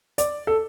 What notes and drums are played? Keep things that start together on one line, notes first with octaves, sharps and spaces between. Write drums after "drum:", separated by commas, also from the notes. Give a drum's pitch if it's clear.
D5, drum: hi-hat
A4